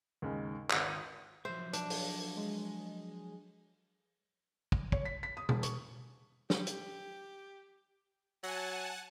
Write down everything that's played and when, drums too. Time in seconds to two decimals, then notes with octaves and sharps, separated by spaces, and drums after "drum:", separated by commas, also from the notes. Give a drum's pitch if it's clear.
0.22 D#2 G#2 C#3 G#3
0.70 G#1 F#5 D#6 D#7, drum: clap
1.45 F3 F#3 C5 E5
1.73 D4, drum: hi-hat
1.90 drum: open hi-hat
2.37 G#3
4.72 drum: kick
4.92 C#5, drum: kick
5.05 B6
5.23 B6
5.37 D#6
5.49 E1, drum: tom B2
5.63 C#6, drum: hi-hat
6.50 G4, drum: snare
6.67 drum: hi-hat
8.44 F#3 F#5 G#5 A5